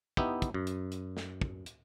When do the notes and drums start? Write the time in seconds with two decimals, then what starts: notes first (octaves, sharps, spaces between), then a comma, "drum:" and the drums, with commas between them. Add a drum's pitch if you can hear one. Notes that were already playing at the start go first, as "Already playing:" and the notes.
0.17 B3 D#4 E4 G4, drum: kick
0.42 drum: kick, hi-hat
0.54 F#2
0.67 drum: hi-hat
0.92 drum: hi-hat
1.17 drum: snare
1.41 drum: kick
1.66 drum: hi-hat